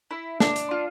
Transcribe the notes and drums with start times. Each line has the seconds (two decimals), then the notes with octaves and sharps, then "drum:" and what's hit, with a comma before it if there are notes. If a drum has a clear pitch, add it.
0.11 E4
0.40 D4, drum: snare
0.56 drum: hi-hat
0.71 F4